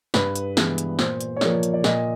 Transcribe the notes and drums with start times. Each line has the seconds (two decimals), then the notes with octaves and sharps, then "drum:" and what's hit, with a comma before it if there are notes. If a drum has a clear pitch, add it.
0.14 G2 B4, drum: snare
0.36 drum: hi-hat
0.57 E3 G#3 B3 B4, drum: snare
0.78 drum: hi-hat
0.99 A#2 C5, drum: snare
1.21 drum: hi-hat
1.36 C#5
1.41 F3 A#3 D5, drum: snare
1.63 drum: hi-hat
1.73 D5
1.84 A#2 D#5, drum: snare